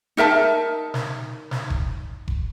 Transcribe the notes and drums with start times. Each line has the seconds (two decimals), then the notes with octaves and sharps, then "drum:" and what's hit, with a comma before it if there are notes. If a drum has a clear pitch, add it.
0.17 D#4 A#4 E5 A5
0.94 drum: snare
1.51 drum: snare
1.70 drum: kick F1
2.28 drum: kick F1